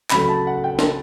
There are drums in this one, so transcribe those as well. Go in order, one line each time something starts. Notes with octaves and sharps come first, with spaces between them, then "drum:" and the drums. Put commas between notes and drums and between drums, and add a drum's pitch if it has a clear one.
C#3 F#3 A3 B5, drum: clap
B5
A5
F#5
G5
drum: snare